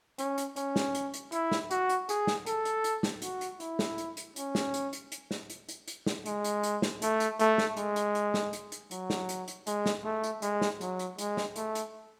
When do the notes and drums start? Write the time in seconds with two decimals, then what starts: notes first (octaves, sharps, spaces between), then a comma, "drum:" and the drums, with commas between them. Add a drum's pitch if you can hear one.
0.19 C#4, drum: hi-hat
0.38 drum: hi-hat
0.56 C#4, drum: hi-hat
0.76 drum: snare
0.95 drum: hi-hat
1.14 drum: hi-hat
1.32 E4, drum: hi-hat
1.52 drum: snare
1.71 F#4, drum: hi-hat
1.89 drum: hi-hat
2.09 G#4, drum: hi-hat
2.27 drum: snare
2.46 A4, drum: hi-hat
2.65 drum: hi-hat
2.84 drum: hi-hat
3.03 drum: snare
3.22 F#4, drum: hi-hat
3.41 drum: hi-hat
3.60 E4, drum: hi-hat
3.79 drum: snare
3.98 drum: hi-hat
4.17 drum: hi-hat
4.36 C#4, drum: hi-hat
4.55 drum: snare
4.74 drum: hi-hat
4.93 drum: hi-hat
5.12 drum: hi-hat
5.31 drum: snare
5.50 drum: hi-hat
5.69 drum: hi-hat
5.88 drum: hi-hat
6.06 drum: snare
6.26 G#3, drum: hi-hat
6.44 drum: hi-hat
6.63 drum: hi-hat
6.82 drum: snare
7.02 A3, drum: hi-hat
7.20 drum: hi-hat
7.39 A3, drum: hi-hat
7.58 drum: snare
7.77 G#3, drum: hi-hat
7.96 drum: hi-hat
8.15 drum: hi-hat
8.34 drum: snare
8.53 drum: hi-hat
8.72 drum: hi-hat
8.91 F#3, drum: hi-hat
9.10 drum: snare
9.29 drum: hi-hat
9.48 drum: hi-hat
9.67 G#3, drum: hi-hat
9.86 drum: snare
10.05 A3
10.24 drum: hi-hat
10.42 G#3, drum: hi-hat
10.61 drum: snare
10.81 F#3, drum: hi-hat
10.99 drum: hi-hat
11.18 G#3, drum: hi-hat
11.37 drum: snare
11.56 A3, drum: hi-hat
11.75 drum: hi-hat